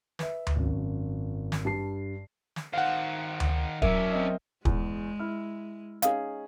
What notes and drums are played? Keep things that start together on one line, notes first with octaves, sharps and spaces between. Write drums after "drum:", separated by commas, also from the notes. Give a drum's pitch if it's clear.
B4 E5, drum: snare
drum: tom D2
G#1 F#2
drum: snare
G2 A5 C7
drum: snare
D#3 C5 F5 F#5
drum: tom D2
F#3 C#4 A#4 D5 E5, drum: kick
C4 D#5
E2 G#3, drum: kick
E4 F6
C#4 D#4 G#4 F5, drum: hi-hat